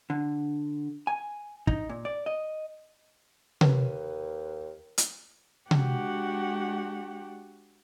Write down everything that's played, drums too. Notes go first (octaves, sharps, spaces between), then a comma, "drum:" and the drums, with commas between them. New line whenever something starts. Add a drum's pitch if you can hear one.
D3
G#5
D#4, drum: kick
A#2
D5
D#5
D#2 B4, drum: tom C3
drum: hi-hat
G#3 D4 F#4 G4 F#5, drum: tom C3